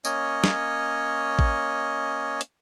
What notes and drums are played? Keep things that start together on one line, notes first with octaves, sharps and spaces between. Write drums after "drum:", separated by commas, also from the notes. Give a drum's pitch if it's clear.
A#3 C#4 C#5 D#5, drum: tambourine
drum: snare
drum: kick A1
drum: hi-hat